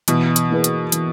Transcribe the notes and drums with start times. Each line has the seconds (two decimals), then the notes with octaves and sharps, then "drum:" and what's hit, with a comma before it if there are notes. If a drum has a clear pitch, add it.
0.08 B2 E3, drum: hi-hat
0.36 drum: hi-hat
0.50 A#3 E4 G#4 B4
0.64 drum: hi-hat
0.92 E3, drum: hi-hat